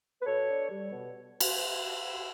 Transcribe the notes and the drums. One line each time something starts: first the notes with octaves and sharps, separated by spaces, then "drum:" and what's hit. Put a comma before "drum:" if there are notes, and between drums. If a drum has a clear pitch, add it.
B4
B2 A4 C#5
D4
G3
B2
drum: cymbal